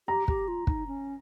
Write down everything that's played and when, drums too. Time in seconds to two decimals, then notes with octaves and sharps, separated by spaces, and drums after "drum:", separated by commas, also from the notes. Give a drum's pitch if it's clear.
0.08 G4 A#5
0.28 G4, drum: kick
0.48 F4
0.67 D#4, drum: kick
0.87 C#4